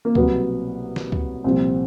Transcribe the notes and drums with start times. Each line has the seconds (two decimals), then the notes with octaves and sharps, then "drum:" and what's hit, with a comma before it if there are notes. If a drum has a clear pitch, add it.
0.05 A#3
0.15 C2 B2 F#3 B3, drum: kick C#2
0.96 drum: snare
1.12 drum: kick C#2
1.44 C2 A#2 F3 C4